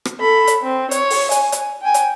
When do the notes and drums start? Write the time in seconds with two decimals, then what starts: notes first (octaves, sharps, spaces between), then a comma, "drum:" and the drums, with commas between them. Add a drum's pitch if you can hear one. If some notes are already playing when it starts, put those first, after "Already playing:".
0.05 drum: rim click
0.20 A4 B5
0.47 drum: hi-hat
0.63 C4
0.91 C#5, drum: hi-hat
1.10 drum: open hi-hat
1.31 G#5, drum: hi-hat
1.52 drum: hi-hat
1.82 G5 G#5
1.94 drum: hi-hat